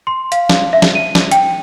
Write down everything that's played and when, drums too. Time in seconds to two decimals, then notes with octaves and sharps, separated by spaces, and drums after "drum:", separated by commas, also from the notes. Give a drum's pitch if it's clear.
0.07 C6
0.32 F5, drum: hi-hat
0.50 drum: snare
0.73 E5
0.82 drum: snare
0.95 D#7
1.15 drum: snare
1.32 G5, drum: hi-hat